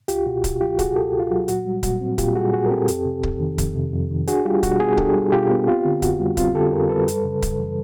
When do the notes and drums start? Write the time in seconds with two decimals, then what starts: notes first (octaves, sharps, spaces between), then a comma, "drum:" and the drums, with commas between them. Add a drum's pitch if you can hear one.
0.08 C#2 F4 G4, drum: hi-hat
0.26 B2 F#4
0.44 C#2, drum: kick C#1, hi-hat
0.61 F#3 F4 G4
0.79 C#2 F#4 G#4, drum: kick C#1, hi-hat
0.96 B2 G4 A4
1.14 C#2
1.20 F4
1.31 F#3 F#4
1.48 A#2 F#4, drum: hi-hat
1.65 G3
1.83 A#2 F#4, drum: kick C#1, hi-hat
2.01 C4
2.18 A#2 F4 G4, drum: kick C#1, hi-hat
2.35 G3 F#4 G#4
2.53 A#2 F#4 G#4
2.66 A#4
2.71 C4 G4 A4
2.88 F2, drum: hi-hat
3.05 C3
3.23 F2, drum: kick C#1
3.40 D#3
3.58 F2, drum: kick C#1, hi-hat
3.75 C3
3.93 F2
4.11 D#3
4.27 D4 F#4 G#4, drum: hi-hat
4.45 G3 F4 G4
4.63 B2 F#4, drum: kick C#1, hi-hat
4.80 B3 F#4 G#4
4.97 D4 G4 A4, drum: kick C#1
5.15 G3
5.32 B2 F4 G4
5.50 B3
5.67 C4 F4 G4
5.85 D3
6.02 F2 F#4, drum: kick C#1, hi-hat
6.20 G3
6.37 C4 F4, drum: kick C#1, hi-hat
6.55 D3 G4 A4
6.72 F2 G#4 A#4
6.89 G3 A4 B4
7.08 F#2, drum: hi-hat
7.25 C#3
7.42 F#2, drum: kick C#1, hi-hat
7.60 E3